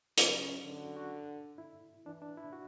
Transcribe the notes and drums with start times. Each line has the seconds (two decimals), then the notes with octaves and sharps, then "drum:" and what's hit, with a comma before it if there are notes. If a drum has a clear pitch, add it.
0.18 C#3 F#3, drum: hi-hat
0.42 C#4
0.65 D3
0.80 F#4
0.96 F#4
1.58 E4
2.06 E3 D4
2.22 D4
2.37 E4
2.52 F#4